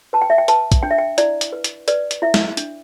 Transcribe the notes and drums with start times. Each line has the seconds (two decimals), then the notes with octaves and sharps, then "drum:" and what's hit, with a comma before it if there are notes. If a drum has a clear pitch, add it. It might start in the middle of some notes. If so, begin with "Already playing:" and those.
0.13 B4 A5
0.22 G5
0.30 E5
0.38 G5
0.48 B4 A5, drum: hi-hat
0.72 drum: kick, hi-hat
0.83 D4 G5
0.91 E5
0.98 G5
1.18 E4 D5, drum: hi-hat
1.41 drum: hi-hat
1.53 B4
1.64 drum: hi-hat
1.88 B4 D5, drum: hi-hat
2.11 drum: hi-hat
2.22 E4 E5
2.34 drum: snare
2.57 D4, drum: hi-hat